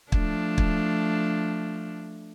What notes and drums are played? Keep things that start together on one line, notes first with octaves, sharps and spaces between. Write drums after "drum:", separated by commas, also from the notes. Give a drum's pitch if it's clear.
F3 A3 D4, drum: kick
drum: kick